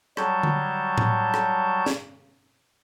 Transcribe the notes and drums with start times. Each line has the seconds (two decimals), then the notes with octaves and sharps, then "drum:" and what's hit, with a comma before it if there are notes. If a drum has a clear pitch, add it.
0.17 F#3 G3 C#5 A5 G6, drum: rim click
0.43 drum: tom D3
0.98 drum: tom A2
1.34 drum: rim click
1.86 drum: snare